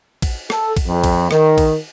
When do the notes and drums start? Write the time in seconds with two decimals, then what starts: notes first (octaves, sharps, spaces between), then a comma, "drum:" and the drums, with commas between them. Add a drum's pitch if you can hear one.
0.22 drum: kick A1, cymbal
0.50 A4, drum: rim click
0.77 drum: kick A1, cymbal
0.86 F2
1.04 drum: kick A1, cymbal
1.31 D#3, drum: rim click
1.58 drum: kick A1, cymbal